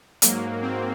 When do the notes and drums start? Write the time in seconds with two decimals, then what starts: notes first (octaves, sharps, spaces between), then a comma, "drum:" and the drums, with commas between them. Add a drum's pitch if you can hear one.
0.22 G#2 F#3 A#3, drum: hi-hat
0.62 C4